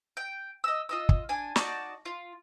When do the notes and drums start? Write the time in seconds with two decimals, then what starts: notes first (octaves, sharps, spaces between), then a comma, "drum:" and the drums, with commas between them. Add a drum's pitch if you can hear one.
0.17 G5
0.64 D#5 E6
0.89 F4 D#5 E6
1.09 drum: kick
1.29 D4 G#5
1.56 D#4 F#4 D5 A5, drum: snare
2.05 F4